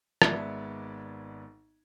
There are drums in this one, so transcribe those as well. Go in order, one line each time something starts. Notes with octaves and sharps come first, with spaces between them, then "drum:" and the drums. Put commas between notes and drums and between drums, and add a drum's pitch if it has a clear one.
G#1 G#3 B3 D5 E5 G#6, drum: rim click